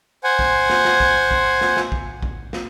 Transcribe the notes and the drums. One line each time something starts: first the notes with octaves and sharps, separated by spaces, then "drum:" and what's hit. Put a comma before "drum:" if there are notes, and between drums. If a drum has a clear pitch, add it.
C5 F#5 G#5
drum: kick
drum: snare
drum: snare
drum: kick
drum: kick
drum: snare
drum: snare
drum: kick
drum: kick
drum: snare